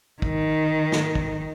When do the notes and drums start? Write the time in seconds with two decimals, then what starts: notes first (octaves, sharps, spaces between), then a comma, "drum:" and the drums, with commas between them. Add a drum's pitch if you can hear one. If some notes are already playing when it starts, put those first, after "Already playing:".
0.22 D#3, drum: kick
0.92 drum: snare
1.15 drum: kick